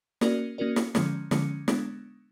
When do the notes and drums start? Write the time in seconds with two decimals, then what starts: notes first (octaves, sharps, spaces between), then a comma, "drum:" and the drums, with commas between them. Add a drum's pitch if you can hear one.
0.21 A#3 C#4 F#4 A#4 D5, drum: snare
0.58 A#3 C#4 F#4 A#4 D5
0.76 drum: snare
0.95 D3 F3 G#3 C#4, drum: snare
1.31 D3 F3 G#3 C#4, drum: snare
1.68 G#3 B3 D4, drum: snare